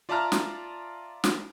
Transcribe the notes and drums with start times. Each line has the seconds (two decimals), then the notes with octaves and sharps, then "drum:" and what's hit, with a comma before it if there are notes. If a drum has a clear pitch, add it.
0.09 F4 D5 E5 A5 A#5 F6
0.32 drum: snare
1.24 drum: snare